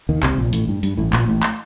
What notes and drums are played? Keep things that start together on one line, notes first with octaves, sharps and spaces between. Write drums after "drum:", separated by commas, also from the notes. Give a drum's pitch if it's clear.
D#2 D#3
C2 C3, drum: clap
A#1 A#2
A1 A2, drum: hi-hat
G2
G2, drum: hi-hat
A1 A2
A#1 A#2, drum: clap
A1 A2
drum: clap